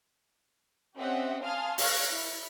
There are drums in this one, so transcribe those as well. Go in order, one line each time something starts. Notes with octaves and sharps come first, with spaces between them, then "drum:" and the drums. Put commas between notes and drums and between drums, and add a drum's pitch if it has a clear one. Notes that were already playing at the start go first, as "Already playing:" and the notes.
C4 C#4 G4 D#5 E5 F#5
F5 G#5 A5 C6 D#6 F6
F5 C#6 F6 F#6 G#6 A#6, drum: open hi-hat
E4